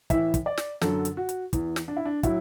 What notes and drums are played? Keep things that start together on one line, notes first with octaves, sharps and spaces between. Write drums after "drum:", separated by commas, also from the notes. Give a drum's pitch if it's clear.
A2 E3 E5, drum: kick, hi-hat
drum: kick, hi-hat
D5
drum: snare
F#2 D3 F#3 A4, drum: snare
drum: hi-hat
F#4
drum: hi-hat
E2 E3, drum: kick, hi-hat
drum: snare
D4
E4
D4
A2 F#3 E4, drum: kick, hi-hat